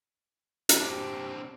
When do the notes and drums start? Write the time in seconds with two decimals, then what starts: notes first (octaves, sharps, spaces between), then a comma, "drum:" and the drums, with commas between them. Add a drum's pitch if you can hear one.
0.69 drum: hi-hat
0.80 C4 D4 G4